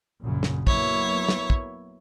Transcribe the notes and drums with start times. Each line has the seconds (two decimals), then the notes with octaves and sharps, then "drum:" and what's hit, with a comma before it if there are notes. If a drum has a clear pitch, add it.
0.21 A#1 F#2 C#3
0.43 drum: snare
0.67 F#3 A#3 B3 E4 C#5, drum: kick
1.28 drum: snare
1.50 drum: kick